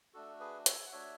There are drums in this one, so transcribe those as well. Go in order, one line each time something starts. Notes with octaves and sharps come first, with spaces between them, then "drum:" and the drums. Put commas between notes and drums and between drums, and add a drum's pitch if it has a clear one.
A3 D4 F#4 A4
G#4 B4
A4 C#5, drum: hi-hat
F#5
A3 D4 F#4 C#5 E5